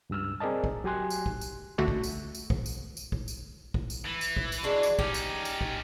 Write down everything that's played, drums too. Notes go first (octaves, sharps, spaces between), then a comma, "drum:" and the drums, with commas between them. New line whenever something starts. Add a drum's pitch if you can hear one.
C#2 G2 E6 F6
C4 G#4 A#4 D5 D#5 A5
drum: kick
F#3 G4 G#5 C6 F#6
drum: tambourine
drum: kick
drum: tambourine
C#2 D3 A3 F#4
drum: kick
drum: tambourine
drum: tambourine
drum: kick
drum: tambourine
drum: tambourine
drum: kick
drum: tambourine
drum: kick
drum: tambourine
E3
drum: tambourine
drum: kick
drum: tambourine
G#3 D4 F#4
drum: tambourine
C#4 D#4 G4, drum: kick
drum: tambourine
drum: tambourine
drum: kick